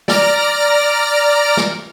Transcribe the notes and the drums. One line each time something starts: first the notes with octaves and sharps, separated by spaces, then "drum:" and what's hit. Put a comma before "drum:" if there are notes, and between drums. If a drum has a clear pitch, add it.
D5 A#5 F6 A#6 D7, drum: snare
drum: snare